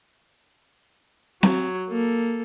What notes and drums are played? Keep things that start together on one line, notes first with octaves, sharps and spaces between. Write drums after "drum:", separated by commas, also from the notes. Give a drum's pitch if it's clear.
F#3, drum: snare C4
A#3 A4